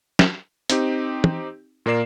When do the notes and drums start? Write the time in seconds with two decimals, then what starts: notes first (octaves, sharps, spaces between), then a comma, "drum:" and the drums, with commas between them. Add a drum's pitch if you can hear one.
0.19 drum: snare
0.70 C4 D#4 G4, drum: hi-hat
1.24 drum: tom
1.86 A#2 A#3 A#4 D5 C7 E7